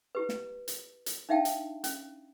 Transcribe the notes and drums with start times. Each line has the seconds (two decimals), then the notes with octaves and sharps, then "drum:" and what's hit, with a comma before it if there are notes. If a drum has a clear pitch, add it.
0.15 E4 G4 B4
0.29 drum: snare
0.68 drum: hi-hat
1.06 drum: hi-hat
1.29 D4 D#4 E5 F5 G5 A5
1.45 drum: hi-hat
1.84 C#4, drum: hi-hat